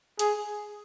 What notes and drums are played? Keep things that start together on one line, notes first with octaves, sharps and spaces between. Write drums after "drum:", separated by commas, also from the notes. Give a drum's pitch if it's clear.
G#4, drum: hi-hat